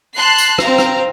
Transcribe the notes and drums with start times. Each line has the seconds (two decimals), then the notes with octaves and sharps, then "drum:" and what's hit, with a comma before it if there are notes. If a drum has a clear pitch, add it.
0.14 A5 C6 F#6 C7
0.38 drum: tambourine
0.58 C4 F5 A#5, drum: rim click
0.78 drum: rim click